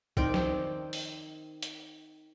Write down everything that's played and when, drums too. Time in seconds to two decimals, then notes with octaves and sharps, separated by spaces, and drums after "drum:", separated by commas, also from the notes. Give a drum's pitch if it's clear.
0.17 D#3 C4 C5 D5, drum: kick
0.34 drum: snare
0.93 drum: open hi-hat
1.63 drum: hi-hat